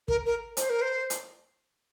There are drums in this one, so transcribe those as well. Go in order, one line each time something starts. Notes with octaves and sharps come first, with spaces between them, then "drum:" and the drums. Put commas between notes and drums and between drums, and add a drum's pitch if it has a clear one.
A#4, drum: kick
A#4
C5, drum: hi-hat
A#4
C5
drum: hi-hat